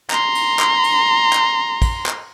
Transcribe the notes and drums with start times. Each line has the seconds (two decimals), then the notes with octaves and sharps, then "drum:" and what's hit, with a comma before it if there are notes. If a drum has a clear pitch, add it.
0.10 A#5 C6, drum: clap
0.35 drum: cymbal
0.59 drum: clap
0.84 drum: cymbal
1.33 drum: clap
1.82 drum: kick, cymbal
2.06 drum: clap